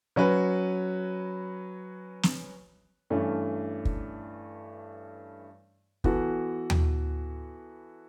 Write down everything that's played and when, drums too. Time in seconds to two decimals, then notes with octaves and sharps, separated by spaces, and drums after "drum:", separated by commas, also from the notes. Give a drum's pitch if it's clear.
0.16 F#3 C#4 F#4 B4
2.23 drum: snare
3.10 G2 E3 A3 C#4 E4
3.85 drum: kick
6.04 E3 B3 F#4 A4, drum: kick
6.70 drum: tom